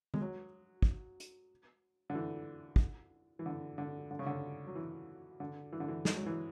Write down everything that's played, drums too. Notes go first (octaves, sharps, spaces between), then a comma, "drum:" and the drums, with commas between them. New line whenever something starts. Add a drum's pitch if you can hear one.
G#3, drum: tom D#3
F#3
drum: kick
drum: hi-hat
D3
E3
drum: kick
E3
D3
D3
D3
C#3
D3
F#3
E3
D3
E3
D3
E3
G#3, drum: snare
F#3
E3